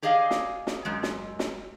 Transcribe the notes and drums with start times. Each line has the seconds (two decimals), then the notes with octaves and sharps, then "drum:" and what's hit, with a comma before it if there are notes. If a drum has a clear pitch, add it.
0.02 G4 G#4 D5 D#5 F5
0.31 drum: snare
0.67 drum: snare
0.85 F#2 G#3
1.03 drum: snare
1.39 drum: snare